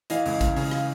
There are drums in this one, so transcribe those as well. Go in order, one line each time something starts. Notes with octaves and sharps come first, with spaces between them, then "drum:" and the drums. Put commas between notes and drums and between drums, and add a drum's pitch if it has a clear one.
E3 D#5 F5, drum: hi-hat
C#2, drum: open hi-hat
C#2, drum: kick A1, hi-hat
C#3, drum: open hi-hat
drum: rim click